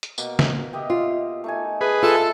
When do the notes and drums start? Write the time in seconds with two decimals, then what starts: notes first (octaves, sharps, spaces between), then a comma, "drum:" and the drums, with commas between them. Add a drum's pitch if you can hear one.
0.03 drum: hi-hat
0.18 B2 A#3, drum: tambourine
0.39 drum: snare
0.73 G4 D#5 E5
0.90 F4
1.44 A3 D#4 G#5
1.81 G#4 B4 E5 G#5 A5
2.02 A3 F4 A4